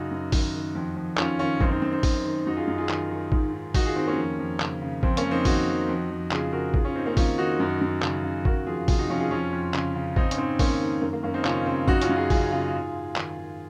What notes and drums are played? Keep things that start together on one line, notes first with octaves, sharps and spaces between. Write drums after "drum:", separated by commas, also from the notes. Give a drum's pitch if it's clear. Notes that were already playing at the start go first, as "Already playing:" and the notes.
Already playing: F#2 C#3 D#4 F#4
F#2
D#3, drum: kick A1, open hi-hat
D#3
F2
F2
D#3 C#4 F4, drum: clap
D#3 C#4 F4
F#2 C4 D#4, drum: kick A1
C4 D#4
F#2 C4
C4
D#3, drum: kick A1, open hi-hat
D#3
F#2 D#4 F#4
F4 G#4
F#2
F4 G#4
D#3, drum: clap
D#3
G#2, drum: kick A1
G#2
D#3 D#4 F#4, drum: kick A1, open hi-hat
F4 G#4
D#3 C4 D#4
A#3 C#4
F2
F2
C#3, drum: clap
C#3
F2 C4, drum: kick A1
A#3 C#4, drum: hi-hat
F2
C4 D#4
D#3 D#4 F#4, drum: kick A1, open hi-hat
D#3
F2
F2
C#3 F4 G#4, drum: clap
C#3 F#4 A#4
G#2 F4 G#4, drum: kick A1
C#4 F4
G#2 C4 D#4
A#3 C#4
D#3 C#4 F4, drum: kick A1, open hi-hat
D#3 D#4 F#4
F#2
F#2
C#3, drum: clap
C#3
D#3 F#4 A#4, drum: kick A1
F2 F4 G#4
C3 F4 G#4, drum: kick A1, open hi-hat
D#4 F#4
F2 C#4 F4
F4 G#4
F2 C#4 F4
F2
C#3, drum: clap
C#3
G#2 C4 D#4, drum: kick A1
C#4, drum: hi-hat
G#2 C4 D#4
D#3 A#3 C#4, drum: kick A1, open hi-hat
D#3
F#2 A#3
A#3
F#2 A#3 C#4
C4 D#4
C#3 C#4 F4, drum: clap
C#3 C4
F#2 D#4 F#4, drum: kick A1
C#4 F4, drum: hi-hat
F#2
F4 G#4
C#3 F4 G#4, drum: kick A1, open hi-hat
C#3 F4 G#4
G#2
G#2
D#3, drum: clap
D#3